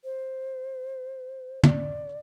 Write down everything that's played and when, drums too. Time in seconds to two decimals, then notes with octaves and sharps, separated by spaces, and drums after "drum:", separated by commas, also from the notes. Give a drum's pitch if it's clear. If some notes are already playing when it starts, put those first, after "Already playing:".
0.04 C5
1.63 D5, drum: tom